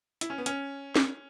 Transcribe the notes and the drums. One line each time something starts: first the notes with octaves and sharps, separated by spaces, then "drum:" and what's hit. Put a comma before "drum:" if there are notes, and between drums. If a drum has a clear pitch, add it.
E4, drum: hi-hat
C#4
B3
C#4, drum: hi-hat
drum: snare